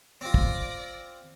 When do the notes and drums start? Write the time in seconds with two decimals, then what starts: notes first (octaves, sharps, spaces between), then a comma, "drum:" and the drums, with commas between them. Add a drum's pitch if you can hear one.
0.21 C4 F4 D5 A#6
0.34 drum: kick